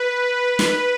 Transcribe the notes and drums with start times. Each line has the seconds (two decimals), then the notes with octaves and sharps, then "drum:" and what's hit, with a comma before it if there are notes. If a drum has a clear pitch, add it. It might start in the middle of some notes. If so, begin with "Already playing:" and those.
Already playing: B4
0.59 drum: snare